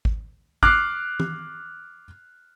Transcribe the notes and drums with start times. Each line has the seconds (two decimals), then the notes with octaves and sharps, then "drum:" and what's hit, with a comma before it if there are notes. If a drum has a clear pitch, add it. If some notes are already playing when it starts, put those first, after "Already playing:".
0.05 drum: kick G#1
0.63 D6 F6 F#6 C7, drum: kick G#1
1.20 drum: tom E3